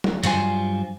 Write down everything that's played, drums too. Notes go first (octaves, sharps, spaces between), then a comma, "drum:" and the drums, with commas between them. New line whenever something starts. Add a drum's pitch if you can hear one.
drum: tom
G2 F#3 G3 F4 C5 G#5, drum: hi-hat